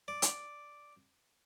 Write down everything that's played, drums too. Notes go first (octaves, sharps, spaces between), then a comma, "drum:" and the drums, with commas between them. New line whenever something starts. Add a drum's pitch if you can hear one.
D5
drum: hi-hat